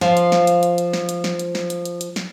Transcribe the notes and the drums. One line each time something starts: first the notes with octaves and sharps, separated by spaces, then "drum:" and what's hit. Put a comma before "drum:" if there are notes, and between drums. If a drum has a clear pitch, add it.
F3 F4, drum: snare
drum: hi-hat
drum: snare
drum: hi-hat
drum: hi-hat
drum: hi-hat
drum: snare
drum: hi-hat
drum: snare
drum: hi-hat
drum: snare
drum: hi-hat
drum: hi-hat
drum: hi-hat
drum: snare